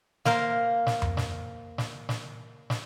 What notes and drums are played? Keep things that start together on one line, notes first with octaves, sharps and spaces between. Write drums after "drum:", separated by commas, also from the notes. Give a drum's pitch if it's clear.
A#3 A#4 C5 F5, drum: snare
drum: snare
drum: tom F2
drum: snare
drum: snare
drum: snare
drum: snare